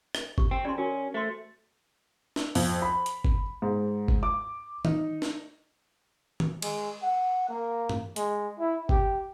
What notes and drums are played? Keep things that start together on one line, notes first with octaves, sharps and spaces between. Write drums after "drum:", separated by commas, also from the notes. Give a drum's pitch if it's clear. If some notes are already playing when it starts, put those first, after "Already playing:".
drum: rim click
G4 C#6, drum: kick G1
C4 G5
C#3 D5 C6
C#4 F#4 A#4
A3 C5 C6
drum: snare
F2, drum: open hi-hat
B5
drum: hi-hat
drum: kick G1
G#2
drum: kick G1
D6
D#4, drum: tom D#3
drum: snare
drum: tom D#3
G#3, drum: cymbal
F#5
A#3
drum: tom G2
G#3, drum: hi-hat
E4
G4, drum: kick G1